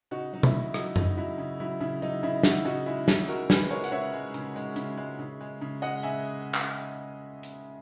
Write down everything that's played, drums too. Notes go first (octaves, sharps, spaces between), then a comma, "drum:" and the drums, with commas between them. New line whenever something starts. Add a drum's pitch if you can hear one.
C#3 D#4 F#4
F#3 D#4
E4, drum: tom B2
C#3
F#3 D#4, drum: rim click
C#3 D#4, drum: tom F#2
F#3 E4
C#3
F#3 E4
C#3 E4
F#3 D#4
C#3 E4
F#3 D#4 F#4, drum: snare
C#3 D#4 F#4
G#3 E4
C#3 D#4, drum: snare
G#3 F#4 A#4
C#3 G#4 B4, drum: snare
G#3 A#4 C#5
F#5, drum: hi-hat
C#3 C#5 E5
G#3
C#3, drum: hi-hat
G#3
C#3, drum: hi-hat
G#3
C#3
G#3
C#3
G#3 D#5 F#5
C#3 E5 G#5
drum: clap
drum: hi-hat